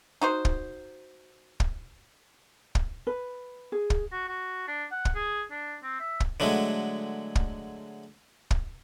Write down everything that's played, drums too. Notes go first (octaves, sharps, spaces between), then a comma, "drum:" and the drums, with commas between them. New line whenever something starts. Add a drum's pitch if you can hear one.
D#4 F#4 C5
drum: kick
drum: kick
drum: kick
B4
G#4
drum: kick
F#4
F#4
D4
F#5
drum: kick
G#4
D4
C4
E5
drum: kick
D3 F#3 G#3 A3
drum: kick
drum: kick